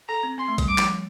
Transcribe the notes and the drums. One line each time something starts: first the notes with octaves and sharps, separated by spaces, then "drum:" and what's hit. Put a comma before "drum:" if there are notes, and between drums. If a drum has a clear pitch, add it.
A4 A#5
C4
C4 C6
A3
G3, drum: kick A1, hi-hat
D6
F3, drum: clap